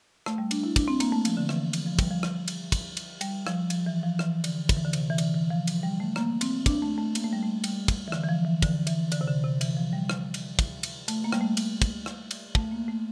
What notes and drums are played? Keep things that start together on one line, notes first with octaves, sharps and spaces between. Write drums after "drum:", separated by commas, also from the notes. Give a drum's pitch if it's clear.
A3, drum: rim click
G3
D4, drum: cymbal
E4
D4, drum: kick, cymbal
C4
A#3, drum: cymbal
A3
F3, drum: cymbal
D3
E3, drum: rim click
F3, drum: cymbal
F3
G3, drum: kick, cymbal
F3
drum: rim click
drum: cymbal
drum: kick, cymbal
drum: cymbal
G3, drum: cymbal
F3, drum: rim click
F3, drum: cymbal
E3
F3
E3, drum: rim click
D3, drum: cymbal
D3, drum: kick, cymbal
E3
D3
C3, drum: cymbal
E3
D3, drum: cymbal
E3
F3
F3, drum: cymbal
G3
A3
A#3, drum: rim click
C4, drum: cymbal
D4, drum: kick, cymbal
A3
A3
A#3, drum: cymbal
A3
G3
A3
G3, drum: cymbal
drum: kick, cymbal
E3
D3, drum: rim click
E3
F3
E3
D3, drum: kick, cymbal
E3, drum: cymbal
D3, drum: cymbal
C3
D3
C3
E3, drum: cymbal
F3
G3
drum: rim click
drum: cymbal
drum: kick, cymbal
drum: cymbal
A3, drum: cymbal
A#3
G3, drum: rim click
A3
drum: cymbal
drum: kick, cymbal
drum: rim click
drum: cymbal
A3, drum: kick
A#3
A3